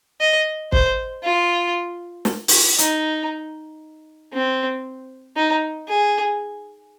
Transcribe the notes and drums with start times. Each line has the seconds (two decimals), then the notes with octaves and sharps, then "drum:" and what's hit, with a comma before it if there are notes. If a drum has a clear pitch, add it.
0.20 D#5
0.72 C5, drum: kick
1.23 F4
2.25 drum: snare
2.48 drum: open hi-hat
2.78 D#4, drum: hi-hat
4.33 C4
5.37 D#4
5.89 G#4